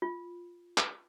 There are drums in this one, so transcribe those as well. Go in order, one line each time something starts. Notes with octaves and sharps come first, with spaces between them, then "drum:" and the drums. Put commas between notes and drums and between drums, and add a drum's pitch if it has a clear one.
F4
drum: clap